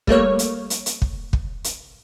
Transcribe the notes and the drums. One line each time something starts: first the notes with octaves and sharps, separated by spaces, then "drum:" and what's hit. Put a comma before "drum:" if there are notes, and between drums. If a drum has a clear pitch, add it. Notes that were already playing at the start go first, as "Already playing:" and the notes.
G3 A3 A#3 C#5, drum: kick
drum: hi-hat
drum: hi-hat
drum: hi-hat
drum: kick
drum: kick
drum: hi-hat